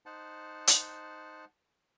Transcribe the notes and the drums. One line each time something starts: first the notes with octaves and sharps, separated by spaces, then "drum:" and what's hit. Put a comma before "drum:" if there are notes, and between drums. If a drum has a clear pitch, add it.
D#4 C5 F#5 A5
drum: hi-hat